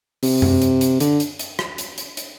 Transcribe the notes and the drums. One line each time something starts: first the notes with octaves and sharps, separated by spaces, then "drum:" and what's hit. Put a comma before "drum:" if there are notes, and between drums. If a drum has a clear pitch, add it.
C3, drum: open hi-hat
drum: tom F#2
drum: hi-hat
drum: hi-hat
D3, drum: hi-hat
drum: hi-hat
drum: hi-hat
drum: rim click
drum: hi-hat
drum: hi-hat
drum: hi-hat